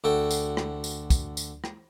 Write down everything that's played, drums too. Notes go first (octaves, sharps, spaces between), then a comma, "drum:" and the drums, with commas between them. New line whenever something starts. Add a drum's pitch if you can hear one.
D2 F#4 A4 G5
drum: tambourine
drum: rim click
drum: tambourine
drum: kick, tambourine
drum: tambourine
drum: rim click